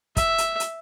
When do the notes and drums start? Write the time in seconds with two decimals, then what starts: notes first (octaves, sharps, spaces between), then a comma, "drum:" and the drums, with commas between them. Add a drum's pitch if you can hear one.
0.17 E5, drum: kick, hi-hat
0.38 drum: hi-hat
0.60 drum: hi-hat